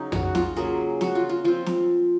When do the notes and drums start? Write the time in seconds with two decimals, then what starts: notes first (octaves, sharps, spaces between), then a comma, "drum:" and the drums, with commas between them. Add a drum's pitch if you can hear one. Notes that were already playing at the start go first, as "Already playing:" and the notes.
Already playing: C#3 F#3 C#4 D#4
0.12 F#4, drum: tom
0.35 F4, drum: snare
0.56 C#3 F#3 A#3 G#4
1.01 F#4, drum: snare
1.15 F4
1.29 F4
1.44 F3 C4 F4
1.66 drum: snare